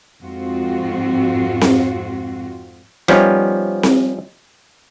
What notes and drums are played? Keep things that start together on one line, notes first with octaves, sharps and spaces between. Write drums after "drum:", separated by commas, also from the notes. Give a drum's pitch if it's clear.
F2 G#2 C4 F4 F#4
drum: snare C4
F3 G3 B3 C#4 D#4, drum: rim click
drum: snare C4